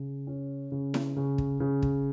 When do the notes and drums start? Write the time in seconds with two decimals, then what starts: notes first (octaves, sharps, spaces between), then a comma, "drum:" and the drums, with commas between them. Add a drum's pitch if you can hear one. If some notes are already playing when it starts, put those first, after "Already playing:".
Already playing: C#3
0.27 C#4
0.72 C#3
0.94 drum: snare E4
1.16 C#3
1.38 drum: kick
1.60 C#3
1.82 drum: kick